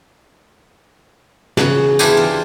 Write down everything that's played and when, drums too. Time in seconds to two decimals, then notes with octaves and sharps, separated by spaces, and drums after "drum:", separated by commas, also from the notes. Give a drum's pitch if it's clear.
1.57 C#3 F#4, drum: snare
1.99 E2 E3 D4 G4 C5 G#5, drum: tambourine
2.17 F4